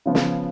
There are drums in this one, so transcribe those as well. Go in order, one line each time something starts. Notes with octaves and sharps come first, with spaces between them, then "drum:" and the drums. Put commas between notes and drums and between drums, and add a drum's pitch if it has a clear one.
C#3 F3 B3
drum: snare